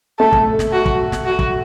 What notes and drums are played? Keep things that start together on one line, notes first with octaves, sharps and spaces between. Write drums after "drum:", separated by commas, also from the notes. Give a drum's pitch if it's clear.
A3 A4
drum: kick
drum: snare
F#4
drum: kick
drum: snare
F#4
drum: kick